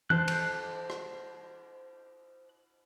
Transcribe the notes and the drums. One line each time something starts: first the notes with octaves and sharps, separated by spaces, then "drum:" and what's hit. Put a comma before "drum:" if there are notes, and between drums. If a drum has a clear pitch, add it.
C5 A5 F#6, drum: tom E3
drum: cymbal
drum: rim click